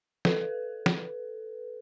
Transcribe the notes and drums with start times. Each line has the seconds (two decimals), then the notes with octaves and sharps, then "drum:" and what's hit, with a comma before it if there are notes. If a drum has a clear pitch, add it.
0.25 A4 B4, drum: snare
0.86 drum: snare